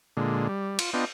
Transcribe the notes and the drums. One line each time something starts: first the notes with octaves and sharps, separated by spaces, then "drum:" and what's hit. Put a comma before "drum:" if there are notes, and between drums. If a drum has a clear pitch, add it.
A#2 D3 G#3
G3
F4, drum: cymbal
B3 D4 F4 D#5 G5